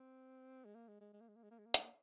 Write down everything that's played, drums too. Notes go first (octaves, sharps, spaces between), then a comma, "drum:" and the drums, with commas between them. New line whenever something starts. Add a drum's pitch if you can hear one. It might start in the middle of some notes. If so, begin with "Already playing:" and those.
Already playing: C4
G#3
A#3
G#3
G#3
G#3
A#3
G#3
A#3
G#3
A#3
G#3
A#3
G#3, drum: hi-hat
A#3